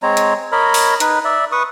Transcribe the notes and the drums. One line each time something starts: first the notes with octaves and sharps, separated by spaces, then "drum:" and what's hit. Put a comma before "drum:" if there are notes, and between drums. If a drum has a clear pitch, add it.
G#3 C4 C#5 A#5
drum: hi-hat
A#4 C#5 D#5 B5
drum: open hi-hat
D#4 B4, drum: hi-hat
D5 E5
B4 C#6 D#6